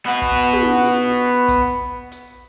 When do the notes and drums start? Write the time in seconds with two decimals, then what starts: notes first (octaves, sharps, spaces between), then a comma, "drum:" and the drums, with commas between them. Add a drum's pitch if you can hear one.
0.06 B3 F#4
0.22 drum: kick, hi-hat
0.53 drum: tom
0.85 drum: hi-hat
1.48 drum: kick, hi-hat
2.12 drum: hi-hat